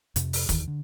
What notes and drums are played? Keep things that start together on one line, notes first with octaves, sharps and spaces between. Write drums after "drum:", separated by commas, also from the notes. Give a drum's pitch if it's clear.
F2 C3, drum: hi-hat
drum: open hi-hat
D#2 D#3 E3, drum: kick, hi-hat
D3